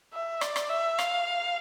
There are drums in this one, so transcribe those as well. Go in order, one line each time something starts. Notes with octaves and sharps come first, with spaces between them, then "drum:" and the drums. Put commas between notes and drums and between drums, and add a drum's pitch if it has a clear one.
E5
D5, drum: rim click
drum: rim click
E5
F5, drum: rim click